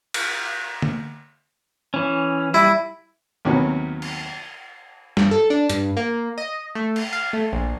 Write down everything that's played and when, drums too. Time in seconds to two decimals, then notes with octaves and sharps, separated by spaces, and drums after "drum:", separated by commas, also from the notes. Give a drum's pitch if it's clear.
0.14 drum: cymbal
0.82 drum: tom D3
1.94 E3 C#4
2.54 G3 E4
3.45 D#2 C3 D#3 F#3 B3
4.02 drum: cymbal
5.17 G2, drum: snare
5.31 A4
5.50 D4
5.70 G2, drum: hi-hat
5.97 A#3
6.38 D#5
6.75 A3
6.96 drum: cymbal
7.13 F5
7.33 A3
7.52 A#1